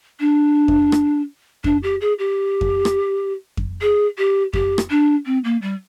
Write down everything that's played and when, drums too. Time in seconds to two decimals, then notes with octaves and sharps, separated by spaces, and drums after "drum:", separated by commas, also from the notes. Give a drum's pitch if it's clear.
0.20 D4
0.68 drum: kick F2
0.92 drum: rim click
1.64 D4, drum: kick F2
1.83 G4
2.01 G#4
2.19 G4
2.61 drum: kick F2
2.85 drum: rim click
3.57 drum: kick F2
3.81 G#4
4.18 G4
4.53 G4, drum: kick F2
4.78 drum: rim click
4.90 D4
5.26 C4
5.44 A#3
5.62 G3